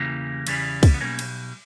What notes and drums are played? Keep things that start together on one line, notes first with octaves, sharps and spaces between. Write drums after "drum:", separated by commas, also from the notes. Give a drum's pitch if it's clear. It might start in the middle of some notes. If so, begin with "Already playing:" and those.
Already playing: E2 C#3 E3 G3 A#3
E2 C#3 E3 G3, drum: cymbal
drum: kick, cymbal
B3
B1 B2 G3 A#3 C#4
drum: cymbal